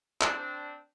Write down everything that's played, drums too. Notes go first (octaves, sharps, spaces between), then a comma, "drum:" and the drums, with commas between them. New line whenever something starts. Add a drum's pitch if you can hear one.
C4 D4, drum: clap